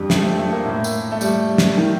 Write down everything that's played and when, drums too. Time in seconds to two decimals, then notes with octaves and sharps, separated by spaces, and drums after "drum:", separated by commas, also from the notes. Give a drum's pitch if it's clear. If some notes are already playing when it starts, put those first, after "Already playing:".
Already playing: F2 D3 G3
0.10 A3, drum: snare
0.24 A3
0.38 A3
0.52 A#3
0.66 A2
0.84 drum: tambourine
1.12 A3
1.21 G3, drum: tambourine
1.58 drum: snare
1.77 D#3